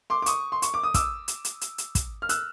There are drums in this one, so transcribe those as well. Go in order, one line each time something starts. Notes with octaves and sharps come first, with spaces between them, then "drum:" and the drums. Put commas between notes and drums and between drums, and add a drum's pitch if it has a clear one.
C6 D6
D6
C#6 D#6, drum: hi-hat
C6
C#6, drum: hi-hat
D6
D#6
D6 E6, drum: kick, hi-hat
drum: hi-hat
drum: hi-hat
drum: hi-hat
drum: hi-hat
drum: kick, hi-hat
F6
E6 F#6, drum: hi-hat